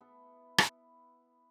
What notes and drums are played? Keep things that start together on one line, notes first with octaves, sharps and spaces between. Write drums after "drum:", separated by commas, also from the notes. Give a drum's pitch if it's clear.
B3 E4 A4
drum: rim click